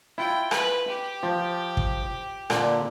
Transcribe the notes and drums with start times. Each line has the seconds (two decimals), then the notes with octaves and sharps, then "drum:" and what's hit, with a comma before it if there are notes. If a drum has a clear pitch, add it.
0.18 E4 F4 G5
0.51 B4, drum: rim click
0.89 G4
1.23 F3
1.77 drum: kick
2.50 A#2 D3, drum: rim click